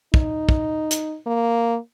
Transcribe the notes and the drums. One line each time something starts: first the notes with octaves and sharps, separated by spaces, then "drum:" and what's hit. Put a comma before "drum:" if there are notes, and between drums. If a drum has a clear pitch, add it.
D#4, drum: kick
drum: kick
drum: hi-hat
A#3